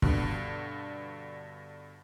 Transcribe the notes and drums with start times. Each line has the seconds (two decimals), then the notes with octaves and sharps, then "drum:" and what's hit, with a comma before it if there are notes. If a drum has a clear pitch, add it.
0.02 G2 B2 D3, drum: kick